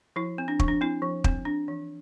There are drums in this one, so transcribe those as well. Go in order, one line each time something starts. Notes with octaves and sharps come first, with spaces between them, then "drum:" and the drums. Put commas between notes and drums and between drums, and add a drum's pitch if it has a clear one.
F3 E4
C4
D4
F3, drum: kick
D4
C4 E4
F3
C4, drum: kick
D4
E3